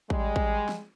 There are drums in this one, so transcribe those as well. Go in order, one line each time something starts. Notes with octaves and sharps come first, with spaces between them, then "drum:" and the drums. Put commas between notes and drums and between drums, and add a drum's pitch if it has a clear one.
G3 G#3, drum: kick
drum: kick
drum: snare